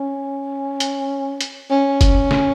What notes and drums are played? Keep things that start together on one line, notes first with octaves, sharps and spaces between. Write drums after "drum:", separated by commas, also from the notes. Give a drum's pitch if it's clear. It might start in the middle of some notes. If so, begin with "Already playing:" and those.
Already playing: C#4
drum: hi-hat
drum: hi-hat
C#4
drum: kick F#1, hi-hat
drum: snare